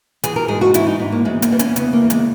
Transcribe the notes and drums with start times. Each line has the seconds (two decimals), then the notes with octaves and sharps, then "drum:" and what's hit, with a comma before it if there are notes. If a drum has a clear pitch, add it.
0.23 E3 G#4, drum: hi-hat
0.36 A#4
0.48 G#2 G#4
0.61 F#4
0.74 E3 E4, drum: hi-hat
0.87 D#4
0.99 G#2
1.12 A#3
1.25 E2 G#3
1.42 A#3, drum: hi-hat
1.51 E3 B3
1.59 C#4, drum: hi-hat
1.76 C#3 B3, drum: hi-hat
1.93 A#3
2.02 E2
2.10 G#3, drum: hi-hat